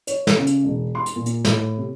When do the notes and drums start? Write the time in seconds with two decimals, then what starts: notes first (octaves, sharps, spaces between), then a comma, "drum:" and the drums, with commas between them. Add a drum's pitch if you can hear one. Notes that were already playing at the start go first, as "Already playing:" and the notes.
0.07 C#5, drum: hi-hat
0.27 drum: snare
0.38 C#3
0.47 drum: hi-hat
0.63 E1
0.95 C6
1.06 drum: hi-hat
1.16 A#2
1.26 drum: hi-hat
1.45 A2, drum: snare
1.77 C3